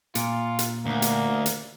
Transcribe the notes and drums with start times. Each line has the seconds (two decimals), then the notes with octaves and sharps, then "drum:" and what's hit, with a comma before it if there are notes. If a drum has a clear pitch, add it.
0.15 A#2 F4, drum: hi-hat
0.59 drum: hi-hat
0.86 D2 A#3
1.02 drum: hi-hat
1.46 drum: hi-hat